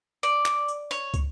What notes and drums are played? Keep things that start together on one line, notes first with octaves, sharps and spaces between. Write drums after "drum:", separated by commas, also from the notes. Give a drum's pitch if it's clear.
D5, drum: tambourine
drum: clap
drum: tambourine
C#5, drum: tambourine
drum: kick, tambourine